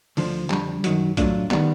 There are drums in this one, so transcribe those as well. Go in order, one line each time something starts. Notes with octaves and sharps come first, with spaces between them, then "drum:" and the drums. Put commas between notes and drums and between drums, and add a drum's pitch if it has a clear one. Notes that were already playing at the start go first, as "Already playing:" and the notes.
D2 D3 F3, drum: open hi-hat
F2 D3 G3, drum: clap
F#2 D#3 F#3, drum: hi-hat
A2 F#3 A3 D4 F4, drum: kick B1, hi-hat
D#3 G3 B3, drum: clap